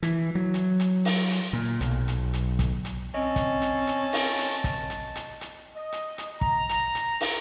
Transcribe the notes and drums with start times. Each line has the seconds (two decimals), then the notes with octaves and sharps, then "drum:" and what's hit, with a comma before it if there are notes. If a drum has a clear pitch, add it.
0.03 E3, drum: hi-hat
0.35 F#3
0.54 drum: hi-hat
0.79 drum: hi-hat
1.05 drum: open hi-hat
1.31 drum: hi-hat
1.53 A#2
1.81 B1, drum: hi-hat
2.08 drum: hi-hat
2.33 drum: hi-hat
2.59 drum: kick, hi-hat
2.85 drum: hi-hat
3.14 C4 C#4 D#5 A5
3.36 drum: kick, hi-hat
3.62 drum: hi-hat
3.87 drum: hi-hat
4.13 drum: open hi-hat
4.38 drum: hi-hat
4.64 drum: kick, hi-hat
4.90 drum: hi-hat
5.15 drum: hi-hat
5.41 drum: hi-hat
5.75 D#5
5.92 drum: hi-hat
6.18 drum: hi-hat
6.41 A#5, drum: kick
6.69 drum: hi-hat
6.95 drum: hi-hat
7.21 drum: open hi-hat